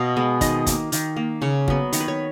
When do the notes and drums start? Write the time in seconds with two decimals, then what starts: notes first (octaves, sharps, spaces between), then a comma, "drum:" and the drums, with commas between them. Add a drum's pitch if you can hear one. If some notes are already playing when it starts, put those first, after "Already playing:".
Already playing: B2 D#5 F5
0.17 G#3 B3
0.41 D#3 D#5, drum: kick, hi-hat
0.67 A#3, drum: kick, hi-hat
0.92 D#3, drum: hi-hat
1.16 A#3
1.42 C#3 C#5
1.68 F#3 B3, drum: kick
1.93 D#3 C#5, drum: hi-hat
2.00 B4
2.08 C#5